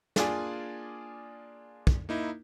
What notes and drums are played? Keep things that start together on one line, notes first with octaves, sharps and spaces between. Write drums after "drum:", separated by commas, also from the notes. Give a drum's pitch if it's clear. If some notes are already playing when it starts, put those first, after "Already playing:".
A#3 D4 F4 G#4 D5 G#5, drum: snare
drum: kick
A#3 D#4 E4